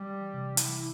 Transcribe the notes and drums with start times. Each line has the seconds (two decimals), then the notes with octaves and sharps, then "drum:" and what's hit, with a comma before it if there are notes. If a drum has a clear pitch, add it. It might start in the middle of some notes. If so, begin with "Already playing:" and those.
Already playing: G3
0.10 E3
0.34 C3
0.57 E3 E4, drum: hi-hat